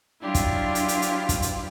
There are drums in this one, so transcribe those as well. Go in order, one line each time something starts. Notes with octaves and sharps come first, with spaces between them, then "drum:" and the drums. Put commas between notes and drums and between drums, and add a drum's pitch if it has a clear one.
F#3 D4 E4 F4 G4
drum: kick, hi-hat
drum: hi-hat
drum: hi-hat
drum: hi-hat
drum: kick, hi-hat
drum: hi-hat